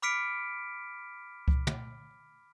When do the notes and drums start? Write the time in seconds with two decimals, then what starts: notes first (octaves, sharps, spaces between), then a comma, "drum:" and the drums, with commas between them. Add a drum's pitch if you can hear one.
0.02 B5 D6 F6 B6 C#7 D7
1.48 drum: kick C#2
1.67 drum: tom